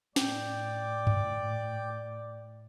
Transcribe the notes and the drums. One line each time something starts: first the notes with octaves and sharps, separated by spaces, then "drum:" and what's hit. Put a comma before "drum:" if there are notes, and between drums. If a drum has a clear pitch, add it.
A2 D5 G5 D6, drum: snare
drum: tom G2